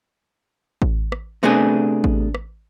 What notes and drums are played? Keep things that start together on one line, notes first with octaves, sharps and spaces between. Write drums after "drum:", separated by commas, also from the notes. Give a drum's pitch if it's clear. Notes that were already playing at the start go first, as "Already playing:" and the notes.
drum: kick A1
drum: rim click
C3 A3 B3 D4 G#4
drum: kick A1
drum: rim click